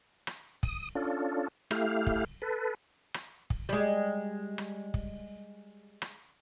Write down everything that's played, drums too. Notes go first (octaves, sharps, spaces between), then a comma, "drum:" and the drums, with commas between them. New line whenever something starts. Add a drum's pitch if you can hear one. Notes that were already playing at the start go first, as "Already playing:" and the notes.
drum: rim click
D#6, drum: kick
C#4 D4 F4 A4
A3 E4 G4 F5, drum: rim click
drum: kick
A4 B4
drum: rim click
drum: kick
G3 G#3
drum: rim click
drum: kick
drum: rim click